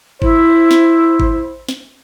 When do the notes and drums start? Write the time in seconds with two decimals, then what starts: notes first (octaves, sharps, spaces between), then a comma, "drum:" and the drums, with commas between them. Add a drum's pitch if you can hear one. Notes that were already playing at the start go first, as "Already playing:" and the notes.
0.22 E4 C5, drum: kick G#1
0.71 drum: snare
1.20 drum: kick G#1
1.69 drum: snare